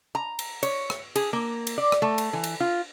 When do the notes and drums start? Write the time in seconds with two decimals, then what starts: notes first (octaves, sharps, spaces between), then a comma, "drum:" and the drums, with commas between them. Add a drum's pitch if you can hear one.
0.15 A#5
0.39 drum: cymbal
0.63 C#5, drum: cymbal
0.90 drum: rim click
1.16 G#4, drum: cymbal
1.33 A#3
1.67 drum: cymbal
1.78 D5
1.92 drum: rim click
2.02 A3
2.18 drum: cymbal
2.33 E3
2.44 drum: cymbal
2.60 F4